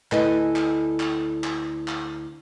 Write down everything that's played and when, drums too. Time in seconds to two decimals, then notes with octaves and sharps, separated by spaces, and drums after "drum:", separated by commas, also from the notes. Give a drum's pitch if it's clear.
0.12 D2 E4 A4 B4 D#5 G#5, drum: clap
0.56 drum: clap
1.00 drum: clap
1.44 drum: clap
1.88 drum: clap